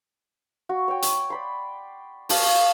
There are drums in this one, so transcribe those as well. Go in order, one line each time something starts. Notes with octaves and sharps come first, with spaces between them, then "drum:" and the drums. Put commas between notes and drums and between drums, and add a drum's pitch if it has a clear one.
F#4
C#5 G5
drum: hi-hat
D5 B5 C6
D5 F5 A5 C#6, drum: open hi-hat